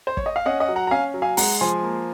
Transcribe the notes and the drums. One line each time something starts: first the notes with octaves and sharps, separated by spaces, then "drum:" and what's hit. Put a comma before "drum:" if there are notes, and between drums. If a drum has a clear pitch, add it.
C5
C#5, drum: kick
D#5
F5
C#4 D#5 F#5
D#5 F#5
F#3
F#5 A#5
A#5
C#4 F5 G#5
F#3
F5 G#5
G#3 F#5 A#5, drum: open hi-hat
F3 G#5 C6
A#3